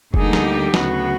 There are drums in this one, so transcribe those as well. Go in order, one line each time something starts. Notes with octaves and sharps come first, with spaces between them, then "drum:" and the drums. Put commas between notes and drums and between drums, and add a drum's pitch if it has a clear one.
D2 D3 G3 A#3 D#4 G#4, drum: kick F1
drum: snare
G4
D2 C#3 F#3 B3 F#4, drum: snare